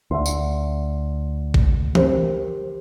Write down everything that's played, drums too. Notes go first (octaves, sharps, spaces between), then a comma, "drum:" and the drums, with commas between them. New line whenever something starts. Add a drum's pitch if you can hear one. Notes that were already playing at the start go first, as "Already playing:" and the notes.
D2 E5 C6
drum: tambourine
drum: kick A1
G4 A#4 C5, drum: tom E3